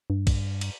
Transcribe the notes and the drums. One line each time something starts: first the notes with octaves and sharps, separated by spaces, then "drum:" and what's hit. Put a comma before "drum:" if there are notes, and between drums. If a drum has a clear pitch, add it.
G2
drum: kick, cymbal
drum: cymbal